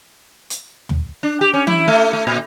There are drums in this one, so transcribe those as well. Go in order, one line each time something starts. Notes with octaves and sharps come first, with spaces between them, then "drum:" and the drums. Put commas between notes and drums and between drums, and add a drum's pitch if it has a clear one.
drum: hi-hat
drum: tom
D4
G4
C#4
E4, drum: tom E3
A3
A3
A#2